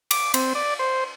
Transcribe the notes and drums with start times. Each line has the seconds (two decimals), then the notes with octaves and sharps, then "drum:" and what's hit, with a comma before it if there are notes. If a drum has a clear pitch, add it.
0.11 D6, drum: cymbal
0.34 C4, drum: cymbal
0.55 D5
0.79 C5